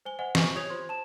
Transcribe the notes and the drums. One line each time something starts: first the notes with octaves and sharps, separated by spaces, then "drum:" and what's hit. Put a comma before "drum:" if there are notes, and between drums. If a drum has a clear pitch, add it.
C5 G#5 G7
C5 D#5 F#5 G#5
G#5 C#6, drum: snare
F4 G4 C#5 D#6 G#6 F7
F4 C5 C6 G#6
A5 E7